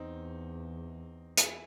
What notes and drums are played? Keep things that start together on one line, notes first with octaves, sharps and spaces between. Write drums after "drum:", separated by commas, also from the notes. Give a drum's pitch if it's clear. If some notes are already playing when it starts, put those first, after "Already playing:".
Already playing: E2 C4 D#4
E4 G#4, drum: hi-hat